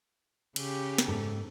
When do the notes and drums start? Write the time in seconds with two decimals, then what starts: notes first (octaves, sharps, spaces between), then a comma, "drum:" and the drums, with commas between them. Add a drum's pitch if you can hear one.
0.56 C#3 G4, drum: cymbal
0.98 drum: snare
1.08 G#2 A4